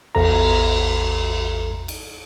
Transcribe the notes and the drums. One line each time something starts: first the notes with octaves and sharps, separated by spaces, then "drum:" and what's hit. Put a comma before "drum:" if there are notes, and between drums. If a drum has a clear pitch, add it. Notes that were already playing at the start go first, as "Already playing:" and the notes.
A1 E2 A4 A#5, drum: cymbal
drum: cymbal